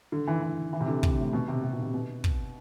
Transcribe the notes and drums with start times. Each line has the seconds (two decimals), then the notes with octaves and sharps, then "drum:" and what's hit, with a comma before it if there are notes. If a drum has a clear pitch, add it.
0.12 D3
0.27 E3
0.43 E3
0.73 E3
0.81 C3
0.88 D3
1.03 C3, drum: kick
1.18 A2
1.33 B2
1.48 C3
1.64 C3
1.73 B2
1.82 C3
1.94 B2
2.24 drum: kick